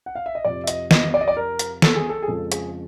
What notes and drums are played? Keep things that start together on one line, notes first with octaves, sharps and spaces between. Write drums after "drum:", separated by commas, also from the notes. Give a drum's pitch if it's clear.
F#5
F5
E5
D#5
F2 C3 F3 D5
E5
D#5, drum: hi-hat
D#5, drum: snare
D5
D#5
D5
A#4
drum: hi-hat
A4, drum: snare
G#4
A4
G#4
F2 C#3 F3 G#3 A4
G#4, drum: hi-hat